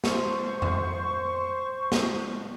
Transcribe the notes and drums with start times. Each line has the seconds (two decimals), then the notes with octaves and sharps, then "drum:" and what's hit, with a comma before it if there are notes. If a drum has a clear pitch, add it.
0.04 C5 C#6, drum: snare
0.62 drum: tom F2
1.92 drum: snare